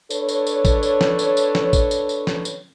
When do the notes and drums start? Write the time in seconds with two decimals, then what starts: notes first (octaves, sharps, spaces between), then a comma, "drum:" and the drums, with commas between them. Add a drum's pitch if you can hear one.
0.10 D4 A4 B4 C#5, drum: tambourine
0.29 drum: tambourine
0.47 drum: tambourine
0.65 drum: kick, tambourine
0.83 drum: tambourine
1.01 drum: snare
1.19 drum: tambourine
1.37 drum: tambourine
1.55 drum: snare
1.73 drum: kick, tambourine
1.91 drum: tambourine
2.09 drum: tambourine
2.27 drum: snare
2.45 drum: tambourine